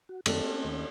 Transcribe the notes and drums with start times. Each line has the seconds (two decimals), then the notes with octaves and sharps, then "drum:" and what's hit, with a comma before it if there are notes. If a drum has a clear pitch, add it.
0.09 F#4
0.26 F#2 D#3 A3 A#3 C4 D5 A5, drum: cymbal
0.50 C#4
0.65 D#2